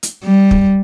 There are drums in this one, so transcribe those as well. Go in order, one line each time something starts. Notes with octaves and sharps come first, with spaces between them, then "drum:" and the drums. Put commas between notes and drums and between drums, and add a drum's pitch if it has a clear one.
drum: hi-hat
G3
drum: kick